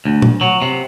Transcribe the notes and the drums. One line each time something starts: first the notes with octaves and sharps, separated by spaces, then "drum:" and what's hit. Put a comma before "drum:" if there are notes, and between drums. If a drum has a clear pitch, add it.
D2
drum: tom
F#3
C3